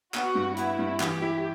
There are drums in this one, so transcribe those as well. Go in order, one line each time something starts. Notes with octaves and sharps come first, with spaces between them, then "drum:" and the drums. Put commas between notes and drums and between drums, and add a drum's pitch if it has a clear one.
B3 F#4, drum: clap
G2
B3 E4, drum: hi-hat
G2
E3 G4, drum: clap
E4